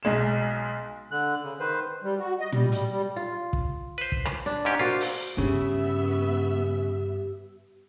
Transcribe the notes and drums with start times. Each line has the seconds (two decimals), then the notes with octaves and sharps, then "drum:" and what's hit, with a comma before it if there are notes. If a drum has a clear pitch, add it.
0.03 B1 G#3 E7
1.11 D3 F#6
1.44 C#3
1.60 D#3 B4 C5
2.03 G3
2.19 F#4
2.39 D#5
2.52 G3, drum: tom
2.72 G3, drum: hi-hat
2.91 G3
3.16 F4
3.53 drum: kick
3.98 B4 C5
4.12 drum: kick
4.25 drum: rim click
4.46 D4
4.65 G#2 C#4 G4
4.79 A#3 F4 F#4 C5
5.00 drum: open hi-hat
5.38 G2 C#3 B3 G4 E5